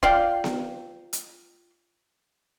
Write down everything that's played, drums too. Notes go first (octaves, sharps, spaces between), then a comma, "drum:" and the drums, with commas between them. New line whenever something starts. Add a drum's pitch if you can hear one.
F4 D5 F5 G5, drum: kick
drum: snare B3
drum: hi-hat